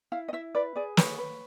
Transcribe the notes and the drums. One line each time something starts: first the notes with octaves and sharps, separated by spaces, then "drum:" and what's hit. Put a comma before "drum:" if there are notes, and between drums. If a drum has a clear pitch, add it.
E4 F5
D#5
E4 E5
B4 D5
G#4 D5
B4 C#5, drum: snare
B4